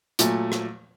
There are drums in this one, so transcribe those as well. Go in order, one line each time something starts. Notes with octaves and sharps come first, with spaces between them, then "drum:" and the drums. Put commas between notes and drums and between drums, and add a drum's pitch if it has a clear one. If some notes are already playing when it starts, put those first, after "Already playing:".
A#2 F#3 A3, drum: hi-hat
drum: rim click